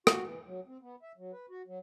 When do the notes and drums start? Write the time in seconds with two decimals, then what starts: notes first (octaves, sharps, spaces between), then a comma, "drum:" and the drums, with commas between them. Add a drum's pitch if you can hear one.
0.07 F#4, drum: rim click
0.24 E3
0.46 F#3
0.68 C4
0.82 B3
1.03 E5
1.18 F#3
1.33 B4
1.50 F#4
1.67 F#3